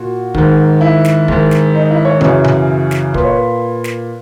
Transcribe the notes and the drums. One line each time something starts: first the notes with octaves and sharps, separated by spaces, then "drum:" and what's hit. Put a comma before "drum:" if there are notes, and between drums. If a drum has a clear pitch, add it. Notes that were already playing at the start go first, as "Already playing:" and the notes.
Already playing: A#2 F#4
G#2 D#3, drum: kick
E4
drum: snare
G#2 D#3, drum: kick
drum: snare
D#4
E4
C#5
F#2 C#3 E3 C#5, drum: tom B2
drum: tom B2
drum: snare
A#2 B4, drum: kick
C#5
B4
drum: snare